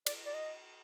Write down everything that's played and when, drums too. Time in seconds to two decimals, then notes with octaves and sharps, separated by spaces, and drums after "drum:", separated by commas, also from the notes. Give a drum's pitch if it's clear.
0.06 D5, drum: cymbal
0.26 D5
0.34 D#5